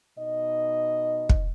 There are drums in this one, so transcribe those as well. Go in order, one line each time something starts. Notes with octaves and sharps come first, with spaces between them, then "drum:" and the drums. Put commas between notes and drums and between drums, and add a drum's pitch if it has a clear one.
B2 D#4 D#5
drum: kick